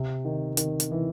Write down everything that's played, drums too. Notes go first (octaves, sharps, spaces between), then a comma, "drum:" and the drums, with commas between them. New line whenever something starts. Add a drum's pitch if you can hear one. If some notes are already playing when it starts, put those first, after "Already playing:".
Already playing: C3
D#3
D#3, drum: hi-hat
drum: hi-hat
E3